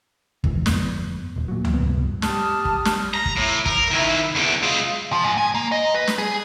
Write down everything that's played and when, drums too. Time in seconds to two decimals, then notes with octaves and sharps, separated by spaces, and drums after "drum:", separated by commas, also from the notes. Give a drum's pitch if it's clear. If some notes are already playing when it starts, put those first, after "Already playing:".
0.44 E1 C#2 G#2 E3, drum: kick
0.66 G1 F2 B3, drum: snare
1.36 D#1
1.48 A#2 F#3
1.65 drum: tom C#2
1.74 D#1 B3
1.86 C2 G2
2.22 G4 A5 D#6 F6, drum: snare
2.65 drum: kick
2.85 drum: snare
3.14 A#5
3.26 drum: kick
3.37 A2
3.66 A#4, drum: kick
3.91 D#3 E4
4.35 E2 D3
4.63 G#3 F4
5.12 F3
5.24 G#2
5.37 G#5
5.55 A#3
5.72 D#5
5.94 B4
6.07 drum: snare
6.18 G#4